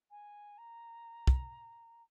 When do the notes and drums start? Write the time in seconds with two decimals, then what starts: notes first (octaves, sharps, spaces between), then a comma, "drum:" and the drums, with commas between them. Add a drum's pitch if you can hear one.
0.10 G#5
0.58 A#5
1.27 drum: kick